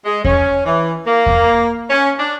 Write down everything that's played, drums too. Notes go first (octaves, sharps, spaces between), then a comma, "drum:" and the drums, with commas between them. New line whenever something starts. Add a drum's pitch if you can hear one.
G#3
C#4, drum: kick E2
E3
A#3
drum: kick E2
C#4
D4